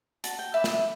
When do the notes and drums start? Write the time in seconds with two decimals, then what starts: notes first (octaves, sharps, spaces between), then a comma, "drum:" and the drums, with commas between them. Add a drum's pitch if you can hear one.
0.24 F#4 A5, drum: hi-hat
0.39 G5
0.54 B4 D5 E5
0.64 drum: snare